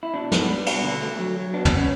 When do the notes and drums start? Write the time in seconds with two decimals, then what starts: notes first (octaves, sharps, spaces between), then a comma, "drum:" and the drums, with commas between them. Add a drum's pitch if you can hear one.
0.03 E4
0.14 B2 D4
0.32 B3, drum: snare
0.49 G3
0.66 B2, drum: cymbal
0.83 D3
1.01 A3
1.18 F#3
1.36 F#3
1.53 B3 D4
1.65 C#4, drum: tom
1.71 B3
1.77 C#4